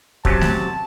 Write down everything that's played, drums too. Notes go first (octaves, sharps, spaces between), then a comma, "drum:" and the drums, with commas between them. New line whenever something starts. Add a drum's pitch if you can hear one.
C3 F#3 C#4 A5, drum: kick
drum: snare A3